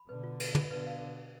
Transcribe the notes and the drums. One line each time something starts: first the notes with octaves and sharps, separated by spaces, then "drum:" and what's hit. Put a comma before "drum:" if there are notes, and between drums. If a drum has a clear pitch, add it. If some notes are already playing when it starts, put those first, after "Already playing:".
Already playing: B5
B2 D3 B4
F4
B4, drum: cymbal
F4, drum: tom
B2 D3 B4
F5